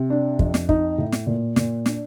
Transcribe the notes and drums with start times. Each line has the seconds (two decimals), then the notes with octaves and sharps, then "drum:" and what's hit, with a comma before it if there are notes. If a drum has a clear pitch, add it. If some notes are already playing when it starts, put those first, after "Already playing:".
Already playing: C3
0.10 D4
0.39 F2, drum: kick
0.54 drum: snare
0.69 D#4, drum: kick
0.98 A2
1.12 drum: snare
1.27 A#2
1.56 A#2, drum: snare
1.86 D4, drum: snare